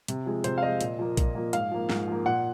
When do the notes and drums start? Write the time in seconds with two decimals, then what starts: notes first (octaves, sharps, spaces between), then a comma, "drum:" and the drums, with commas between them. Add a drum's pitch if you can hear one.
0.08 C3, drum: hi-hat
0.26 F3 G#3
0.44 C3 C5, drum: hi-hat
0.58 F5
0.62 F3 G#3 D#5
0.81 A#2, drum: hi-hat
0.99 F3 A#3
1.17 A#2, drum: kick, hi-hat
1.35 F3 A#3
1.53 G#2 F5, drum: hi-hat
1.71 F3 A#3
1.89 G#2, drum: snare
2.08 F3 A#3
2.26 A#2 F#5